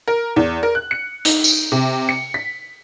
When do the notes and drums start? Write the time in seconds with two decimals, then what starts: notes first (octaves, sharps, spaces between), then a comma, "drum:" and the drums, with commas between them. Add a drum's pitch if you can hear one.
0.08 A#4
0.36 E2
0.63 A#4
0.75 F#6
0.91 C#7
1.25 D#4, drum: hi-hat
1.44 drum: tambourine
1.72 C3
2.09 C#7
2.34 B6